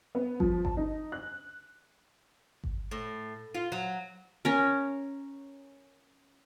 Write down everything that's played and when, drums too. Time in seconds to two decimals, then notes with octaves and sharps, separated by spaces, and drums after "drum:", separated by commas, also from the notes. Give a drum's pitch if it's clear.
0.15 B3
0.40 F3, drum: kick G1
0.65 A5, drum: kick G1
0.77 D#4
1.12 F#6
2.64 drum: kick G1
2.91 A2
3.55 F4
3.72 F#3
4.45 C#4 A#4